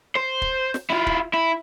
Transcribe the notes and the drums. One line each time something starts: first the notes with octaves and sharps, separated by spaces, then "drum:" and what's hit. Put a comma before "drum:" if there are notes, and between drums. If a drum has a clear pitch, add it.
C5
drum: kick
drum: snare
E4 F4
drum: kick
E4